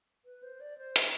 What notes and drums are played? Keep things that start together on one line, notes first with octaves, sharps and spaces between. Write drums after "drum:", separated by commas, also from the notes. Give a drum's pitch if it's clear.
B4
C5
D5
C5
drum: hi-hat